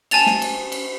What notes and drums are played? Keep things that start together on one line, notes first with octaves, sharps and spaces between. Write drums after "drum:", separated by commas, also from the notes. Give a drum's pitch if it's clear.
G#5 A5 A6 F7, drum: cymbal
drum: snare
drum: cymbal
drum: cymbal